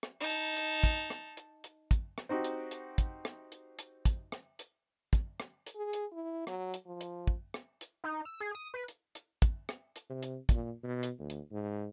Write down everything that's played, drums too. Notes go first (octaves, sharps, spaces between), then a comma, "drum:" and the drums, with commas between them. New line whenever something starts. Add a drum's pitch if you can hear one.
drum: rim click
D#4 A5
drum: hi-hat
drum: hi-hat
drum: kick, hi-hat
drum: rim click
drum: hi-hat
drum: hi-hat
drum: kick, hi-hat
drum: rim click
C4 D#4 F#4 G4
drum: hi-hat
drum: hi-hat
drum: kick, hi-hat
drum: rim click
drum: hi-hat
drum: hi-hat
drum: kick, hi-hat
drum: rim click
drum: hi-hat
drum: kick, hi-hat
drum: rim click
drum: hi-hat
G#4
drum: hi-hat
E4
F#3, drum: rim click
drum: hi-hat
F3
drum: hi-hat
drum: kick
drum: rim click
drum: hi-hat
D#4
E6
G#4
D#6
B4
drum: hi-hat
drum: hi-hat
drum: kick, hi-hat
drum: rim click
drum: hi-hat
C3
drum: hi-hat
A#2, drum: kick, hi-hat
B2
drum: hi-hat
D2
drum: hi-hat
G#2